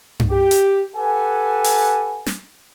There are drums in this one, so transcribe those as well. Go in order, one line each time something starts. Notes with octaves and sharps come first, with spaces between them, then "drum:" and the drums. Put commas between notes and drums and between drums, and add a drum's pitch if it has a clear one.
drum: tom G2
G4
drum: hi-hat
G4 A4 B4 F#5 G#5
drum: open hi-hat
drum: snare